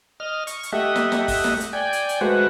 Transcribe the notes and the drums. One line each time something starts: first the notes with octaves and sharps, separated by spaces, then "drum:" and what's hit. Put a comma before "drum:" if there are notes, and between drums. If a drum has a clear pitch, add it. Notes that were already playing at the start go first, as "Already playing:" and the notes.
D#5 F6
C#6, drum: hi-hat
drum: hi-hat
A3 G4 D#5 E5 F#5
drum: snare
drum: snare
drum: kick F#1, open hi-hat
drum: snare
drum: hi-hat
D5 G5 G#5
drum: hi-hat
drum: hi-hat
G#3 A3 F#4 B4 C5 F#5